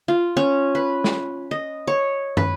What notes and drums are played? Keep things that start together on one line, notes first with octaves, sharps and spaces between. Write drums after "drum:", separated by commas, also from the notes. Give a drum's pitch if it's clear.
F4
C#4
B4
drum: snare
D#5
C#5
B4, drum: tom